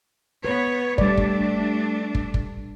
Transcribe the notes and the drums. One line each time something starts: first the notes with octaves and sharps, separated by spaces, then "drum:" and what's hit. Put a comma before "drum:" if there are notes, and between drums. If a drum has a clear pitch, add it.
B3 B4 C#5
G3 A3 D4 D5, drum: kick
drum: kick
drum: kick
drum: kick